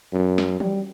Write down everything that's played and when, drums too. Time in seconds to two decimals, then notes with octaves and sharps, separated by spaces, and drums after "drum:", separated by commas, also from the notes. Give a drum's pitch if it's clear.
0.13 F#2
0.38 drum: snare
0.60 G3, drum: tom